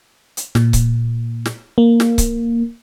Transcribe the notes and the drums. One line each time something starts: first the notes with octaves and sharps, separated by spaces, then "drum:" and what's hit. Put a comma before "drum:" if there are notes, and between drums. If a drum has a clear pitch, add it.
drum: hi-hat
A#2, drum: snare
drum: kick C#1, hi-hat
drum: snare
A#3
drum: snare
drum: kick C#1, hi-hat